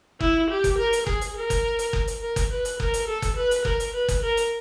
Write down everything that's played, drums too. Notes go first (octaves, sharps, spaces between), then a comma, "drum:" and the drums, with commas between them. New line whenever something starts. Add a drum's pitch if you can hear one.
E4, drum: kick F#1
G4
drum: kick F#1, hi-hat
A#4
drum: hi-hat
G#4, drum: kick F#1
drum: hi-hat
A#4
drum: kick F#1, hi-hat
drum: hi-hat
drum: kick F#1
drum: hi-hat
A#4
drum: kick F#1, hi-hat
B4
drum: hi-hat
A#4, drum: kick F#1
drum: hi-hat
A4
drum: kick F#1, hi-hat
B4
drum: hi-hat
A#4, drum: kick F#1
drum: hi-hat
B4
drum: kick F#1, hi-hat
A#4
drum: hi-hat